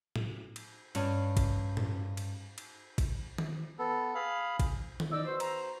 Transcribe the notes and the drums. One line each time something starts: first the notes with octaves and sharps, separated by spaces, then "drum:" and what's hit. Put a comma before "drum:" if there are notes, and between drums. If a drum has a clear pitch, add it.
drum: tom A2
drum: cymbal
G2 C#4, drum: cymbal
drum: kick A1, cymbal
drum: tom A2
drum: cymbal
drum: cymbal
drum: kick A1, cymbal
drum: tom D#3
B3 A4
G#4 F5 B5
drum: kick A1, cymbal
drum: tom D#3
D#4 D5 E6
B3 F#4 C5
A#5, drum: cymbal